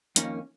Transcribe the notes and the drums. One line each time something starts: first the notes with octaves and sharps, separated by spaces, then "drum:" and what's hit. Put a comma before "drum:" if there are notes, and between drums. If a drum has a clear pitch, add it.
F2 D#3 A#3 C#4, drum: hi-hat